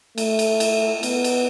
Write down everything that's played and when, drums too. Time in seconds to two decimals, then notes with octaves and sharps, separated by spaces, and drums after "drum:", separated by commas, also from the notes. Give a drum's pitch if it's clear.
0.18 A3, drum: cymbal
0.39 drum: cymbal
0.60 drum: cymbal
1.03 B3, drum: cymbal
1.24 drum: cymbal